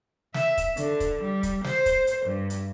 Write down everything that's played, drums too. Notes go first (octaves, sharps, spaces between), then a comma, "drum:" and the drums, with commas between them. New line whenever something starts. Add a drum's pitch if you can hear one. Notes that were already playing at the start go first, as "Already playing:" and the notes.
E5, drum: snare
drum: kick, hi-hat
D3, drum: hi-hat
drum: kick, hi-hat
G3
drum: kick, hi-hat
C5, drum: snare
drum: kick, hi-hat
drum: hi-hat
G2
drum: hi-hat